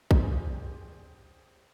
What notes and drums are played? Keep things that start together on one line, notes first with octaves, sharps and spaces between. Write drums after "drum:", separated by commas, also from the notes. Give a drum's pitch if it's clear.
G4 G#4 C5 D5 G#5, drum: kick